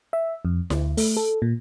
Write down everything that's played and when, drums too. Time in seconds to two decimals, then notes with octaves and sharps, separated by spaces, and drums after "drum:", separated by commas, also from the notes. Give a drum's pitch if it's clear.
0.13 E5
0.45 F2
0.70 D2, drum: snare E4
0.97 A3, drum: open hi-hat
1.17 A4
1.42 A#2